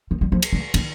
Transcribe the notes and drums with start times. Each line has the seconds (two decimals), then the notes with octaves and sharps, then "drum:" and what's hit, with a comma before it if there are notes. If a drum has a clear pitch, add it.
0.11 D#3
0.21 G3
0.32 F3
0.42 drum: cymbal
0.53 G#3
0.74 D#3, drum: cymbal